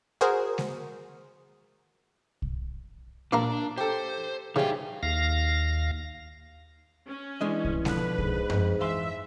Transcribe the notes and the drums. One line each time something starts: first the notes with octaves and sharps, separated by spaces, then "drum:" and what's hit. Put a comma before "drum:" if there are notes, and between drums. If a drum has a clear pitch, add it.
F#4 G#4 A#4 C5
drum: snare G#3
drum: kick
A#2 D4 F5 A#5
G4 A4 C5
C#3 E3 G3 D#4 F5
D#2 F5 A#6
C#4
E3 G#3 D4 D#5
drum: kick
B2 D3 F3 B4, drum: snare G#3
G#2, drum: kick
F2, drum: tom F#2
E3 E5 F5 C6